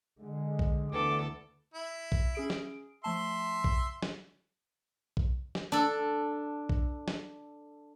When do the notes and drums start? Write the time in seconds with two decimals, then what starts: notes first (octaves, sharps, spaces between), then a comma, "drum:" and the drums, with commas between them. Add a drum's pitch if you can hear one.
0.20 D3 G#3
0.59 drum: kick A#1
0.92 D2 D3 E3 B3 A4 D6
1.74 E4
2.12 drum: kick A#1
2.35 C#4 G#4 D7
2.50 drum: snare
3.04 F3 A3 E5 A5 C6
3.64 drum: kick A#1
4.02 drum: snare
5.17 drum: kick A#1
5.55 drum: snare
5.72 D4 A4
6.69 drum: kick A#1
7.08 drum: snare